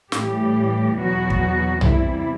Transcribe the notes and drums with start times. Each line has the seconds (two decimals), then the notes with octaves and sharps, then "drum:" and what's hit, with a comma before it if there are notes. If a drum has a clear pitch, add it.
0.12 A2 E3 G3 G4, drum: snare
0.97 E2 B2 F#3 F#4
1.30 drum: kick
1.81 E2 C3 G3 E4, drum: tom B1